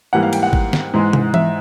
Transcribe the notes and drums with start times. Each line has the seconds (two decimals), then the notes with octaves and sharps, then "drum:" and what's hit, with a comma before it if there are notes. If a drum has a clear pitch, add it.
0.13 G#2 E3 G3 A#3 F#5
0.23 F5
0.33 G5, drum: cymbal
0.43 F#5
0.53 drum: kick G#1
0.73 drum: snare D#3
0.93 G#2 E3 G#3
1.13 drum: tom
1.34 E5, drum: tom E3